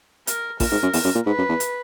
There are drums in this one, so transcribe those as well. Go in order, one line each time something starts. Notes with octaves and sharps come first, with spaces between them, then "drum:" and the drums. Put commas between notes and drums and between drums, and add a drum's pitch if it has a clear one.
A#4, drum: hi-hat
A#2 A#4, drum: kick A1, open hi-hat
G#2
F#2
E2, drum: open hi-hat
F#2
A#2
G#2 B4
F#2
E2
drum: hi-hat